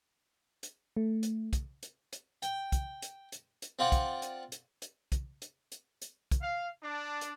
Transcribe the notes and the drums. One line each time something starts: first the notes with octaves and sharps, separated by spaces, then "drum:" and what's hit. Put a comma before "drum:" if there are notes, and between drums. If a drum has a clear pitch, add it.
drum: hi-hat
A3
drum: hi-hat
drum: kick, hi-hat
drum: hi-hat
drum: hi-hat
G5, drum: hi-hat
drum: kick, hi-hat
drum: hi-hat
drum: hi-hat
drum: hi-hat
C4 F4 D5 F#5
drum: kick, hi-hat
drum: hi-hat
drum: hi-hat
drum: hi-hat
drum: kick, hi-hat
drum: hi-hat
drum: hi-hat
drum: hi-hat
drum: kick, hi-hat
F5
D4
drum: hi-hat